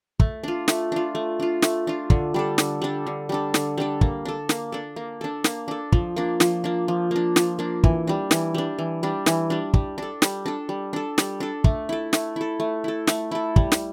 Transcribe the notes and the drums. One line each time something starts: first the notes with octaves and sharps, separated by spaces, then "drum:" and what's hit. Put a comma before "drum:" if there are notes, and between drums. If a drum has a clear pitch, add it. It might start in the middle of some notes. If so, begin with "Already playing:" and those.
A3, drum: kick
D4 F4
A3, drum: snare
D4 F4
A3
D4 F4
A3, drum: snare
D4 F4
D3, drum: kick
G3 D4 A4
D3, drum: snare
G3 D4 A4
D3
G3 D4 A4
D3, drum: snare
G3 D4 A4
A#3, drum: kick
D4 A4
A#3, drum: snare
D4 A4
A#3
D4 A4
A#3, drum: snare
D4 A4
F3, drum: kick
A#3 D4
F3, drum: snare
A#3 D4
F3
A#3 D4
F3, drum: snare
A#3 D4
E3, drum: kick
G3 D4
E3, drum: snare
G3 D4
E3
G3 D4
E3, drum: snare
G3 D4
G3, drum: kick
D4 A4
G3, drum: snare
D4 A4
G3
D4 A4
G3, drum: snare
D4 A4
A3, drum: kick
E4 A4
A3, drum: snare
E4 A4
A3
E4 A4
A3, drum: snare
E4 A4
G3, drum: kick
drum: snare